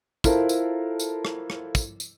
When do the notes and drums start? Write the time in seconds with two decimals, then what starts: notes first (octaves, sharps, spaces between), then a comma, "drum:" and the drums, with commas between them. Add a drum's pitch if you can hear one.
0.24 E4 F4 A4 A#4 C5, drum: kick, tambourine
0.49 drum: tambourine
1.00 drum: tambourine
1.25 drum: rim click
1.50 drum: rim click
1.75 drum: kick, tambourine
2.00 drum: tambourine